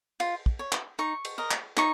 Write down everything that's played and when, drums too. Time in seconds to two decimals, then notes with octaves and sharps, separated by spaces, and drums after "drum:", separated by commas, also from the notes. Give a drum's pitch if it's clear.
0.20 F4, drum: cymbal
0.46 drum: kick
0.59 C#5
0.72 drum: clap
0.99 D#4 C#6
1.25 drum: cymbal
1.38 A#4 D#5
1.51 drum: clap
1.77 D#4 C#6, drum: clap